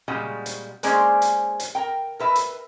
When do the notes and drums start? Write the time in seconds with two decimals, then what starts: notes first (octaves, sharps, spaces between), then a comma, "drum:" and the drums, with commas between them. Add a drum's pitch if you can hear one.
0.08 A#2 C#3 G3 G#3 F#4
0.46 drum: hi-hat
0.83 G#3 A#3 C#4 G#4 C5 D5, drum: hi-hat
1.22 drum: hi-hat
1.60 drum: hi-hat
1.75 A#4 G5
2.19 A#4 B4 E5
2.35 drum: hi-hat